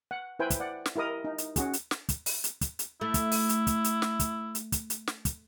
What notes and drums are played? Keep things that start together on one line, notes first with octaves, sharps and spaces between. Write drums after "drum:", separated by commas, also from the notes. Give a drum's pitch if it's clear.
F#5
E4 B4 C5 G5 G#5
drum: kick, hi-hat
D5 F#5
drum: snare
E4 G4 A#4 D#5 D#6
D#4
drum: hi-hat
C#4 F#4 G#4, drum: kick, hi-hat
drum: hi-hat
drum: snare
drum: kick, hi-hat
drum: open hi-hat
drum: hi-hat
drum: kick, hi-hat
drum: hi-hat
A3 E4
drum: kick, hi-hat
drum: open hi-hat
drum: hi-hat
drum: kick, hi-hat
drum: hi-hat
drum: snare
drum: kick, hi-hat
drum: hi-hat
drum: kick, hi-hat
drum: hi-hat
drum: snare
drum: kick, hi-hat